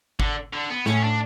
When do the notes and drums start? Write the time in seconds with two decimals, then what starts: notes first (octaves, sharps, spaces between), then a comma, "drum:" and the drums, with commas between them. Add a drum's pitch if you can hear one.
0.20 D3, drum: kick G1
0.53 D3
0.70 B3
0.86 A2 C#4, drum: snare
1.03 D4